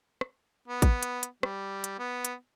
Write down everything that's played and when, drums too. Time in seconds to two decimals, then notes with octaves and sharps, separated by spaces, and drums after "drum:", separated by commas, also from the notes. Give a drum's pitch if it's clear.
0.21 drum: rim click
0.68 B3
0.82 drum: kick, hi-hat
1.03 drum: hi-hat
1.23 drum: hi-hat
1.43 G3, drum: rim click
1.84 drum: hi-hat
1.99 B3
2.25 drum: hi-hat